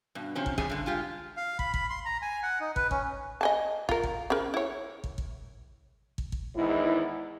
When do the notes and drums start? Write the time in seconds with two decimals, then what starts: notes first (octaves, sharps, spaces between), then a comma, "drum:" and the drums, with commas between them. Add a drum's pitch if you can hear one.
0.15 G2 B2
0.35 C3 F3 C#4
0.46 drum: kick
0.58 F2 A2 G3 G#4 G#5, drum: kick
0.70 G2 D3
0.86 G#3 F4 G4
1.37 F5
1.59 B5, drum: kick
1.74 B5, drum: kick
1.90 C6
2.06 A#5
2.22 G#5
2.43 F#5
2.60 D#4
2.76 B4, drum: kick
2.91 C#4, drum: kick
3.41 D#5 G#5 A5
3.89 F4 A#4, drum: kick
4.03 drum: kick
4.30 C#3 F3 A#4
4.54 E4 C#5
5.04 drum: kick
5.18 drum: kick
6.18 drum: kick
6.32 drum: kick
6.55 E2 G#2 D#3 E4